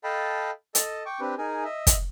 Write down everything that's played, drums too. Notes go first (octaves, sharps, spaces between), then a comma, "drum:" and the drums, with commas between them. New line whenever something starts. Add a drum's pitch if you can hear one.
A4 D#5 F5 G5 A5 B5
A4 D#5 A5, drum: hi-hat
G5 C#6 D6
C4 D4 G4 B4
D#4 G#4 A#4 G#5
D#5 E5
drum: kick, hi-hat